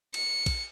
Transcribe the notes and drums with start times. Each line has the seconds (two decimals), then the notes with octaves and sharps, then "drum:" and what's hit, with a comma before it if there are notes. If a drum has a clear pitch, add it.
0.14 C#7, drum: cymbal
0.46 drum: kick A#1, cymbal